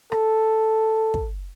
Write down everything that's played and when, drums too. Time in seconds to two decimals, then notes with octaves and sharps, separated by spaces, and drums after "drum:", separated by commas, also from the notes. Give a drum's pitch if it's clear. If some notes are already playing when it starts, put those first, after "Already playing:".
0.12 A4, drum: rim click
1.14 drum: kick